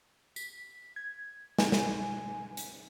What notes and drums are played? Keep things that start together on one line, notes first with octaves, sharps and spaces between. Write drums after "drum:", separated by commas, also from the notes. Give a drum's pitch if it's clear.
B6, drum: tambourine
G#6
G#5, drum: snare
drum: snare
drum: hi-hat